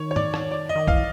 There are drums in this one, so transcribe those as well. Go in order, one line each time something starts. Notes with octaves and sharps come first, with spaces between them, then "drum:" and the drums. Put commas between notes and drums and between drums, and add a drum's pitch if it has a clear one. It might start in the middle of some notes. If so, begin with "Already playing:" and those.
Already playing: D#3 C#5
C#5
D5, drum: tom G#2
drum: rim click
D5
D#5
D#3
E3 F5, drum: kick A#1